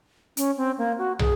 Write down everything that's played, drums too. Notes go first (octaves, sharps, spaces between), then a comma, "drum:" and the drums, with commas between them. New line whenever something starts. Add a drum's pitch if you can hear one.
C#4, drum: hi-hat
C4
A#3
F#4
G#4, drum: tom